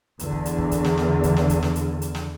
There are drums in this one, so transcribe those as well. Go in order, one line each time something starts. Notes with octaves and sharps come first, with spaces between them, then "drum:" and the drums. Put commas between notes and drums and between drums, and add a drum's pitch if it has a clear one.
E2 D3, drum: hi-hat
drum: kick
drum: hi-hat
drum: kick
drum: kick, hi-hat
drum: snare
drum: snare
drum: kick, hi-hat
drum: snare
drum: kick, hi-hat
drum: snare
drum: hi-hat
drum: hi-hat
drum: snare